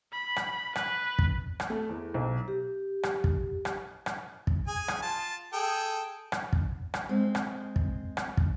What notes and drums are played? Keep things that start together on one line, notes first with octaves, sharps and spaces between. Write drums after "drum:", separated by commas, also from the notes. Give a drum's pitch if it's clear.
B5
drum: rim click
B4, drum: rim click
drum: kick
drum: rim click
A3
E2
B1
G4
drum: rim click
drum: kick
drum: rim click
drum: rim click
drum: kick
G#4 G#5
drum: rim click
F4 A5
G#4 A4 G5
drum: rim click
drum: kick
drum: rim click
G#3 C4
drum: rim click
drum: kick
drum: rim click
drum: kick